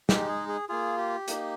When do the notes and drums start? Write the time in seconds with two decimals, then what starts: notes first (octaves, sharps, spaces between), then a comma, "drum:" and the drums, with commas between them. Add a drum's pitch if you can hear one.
0.09 G#3 D#4 G4, drum: snare
0.28 G#4
0.49 G#4
0.69 A#3 F4 G#4
0.98 G4
1.28 A#3 D#4, drum: hi-hat